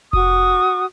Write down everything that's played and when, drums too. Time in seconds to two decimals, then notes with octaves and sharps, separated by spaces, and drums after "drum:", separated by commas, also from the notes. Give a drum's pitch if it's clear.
0.13 F#4 C#6 D#6, drum: kick F1